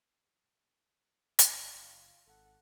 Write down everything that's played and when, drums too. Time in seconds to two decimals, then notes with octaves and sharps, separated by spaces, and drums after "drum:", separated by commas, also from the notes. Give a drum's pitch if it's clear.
1.39 G1, drum: hi-hat
1.74 F#1 F4
2.26 G#1 A4 F#5